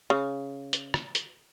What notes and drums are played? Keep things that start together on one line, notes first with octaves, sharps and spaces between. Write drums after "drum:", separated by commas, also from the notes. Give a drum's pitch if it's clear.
C#3
drum: hi-hat
drum: rim click
drum: hi-hat